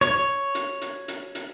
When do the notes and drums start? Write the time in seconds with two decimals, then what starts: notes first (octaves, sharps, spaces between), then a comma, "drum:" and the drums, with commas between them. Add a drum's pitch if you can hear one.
0.01 C#5, drum: hi-hat
0.55 drum: hi-hat
0.81 drum: hi-hat
1.08 drum: hi-hat
1.35 drum: hi-hat